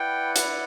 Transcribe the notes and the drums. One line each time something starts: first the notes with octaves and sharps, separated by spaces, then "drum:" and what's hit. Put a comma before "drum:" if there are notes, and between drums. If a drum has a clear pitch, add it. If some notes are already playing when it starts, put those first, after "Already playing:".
Already playing: E4 B4 D5 F#5 G5
drum: hi-hat